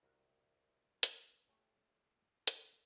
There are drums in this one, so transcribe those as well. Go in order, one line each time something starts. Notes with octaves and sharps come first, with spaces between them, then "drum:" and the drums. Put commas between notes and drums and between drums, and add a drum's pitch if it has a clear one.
C2 F#4 A#4
drum: hi-hat
A3 G4 C#5 G#5 A5
A4 A#4 C#5 F5 G5, drum: hi-hat